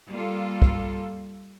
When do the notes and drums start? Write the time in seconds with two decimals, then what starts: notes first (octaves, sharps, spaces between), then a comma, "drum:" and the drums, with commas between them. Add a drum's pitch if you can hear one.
0.10 G3 A#3 F4 A4
0.62 drum: kick